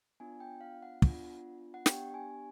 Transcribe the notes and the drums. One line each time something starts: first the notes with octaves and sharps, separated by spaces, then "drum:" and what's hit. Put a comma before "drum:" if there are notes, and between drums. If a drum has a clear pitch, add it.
B3 D4 F4 G#5
G5
F5
F#5
B3 D4 F4, drum: kick
F#5
B3 D4 G4 G5, drum: snare
G#5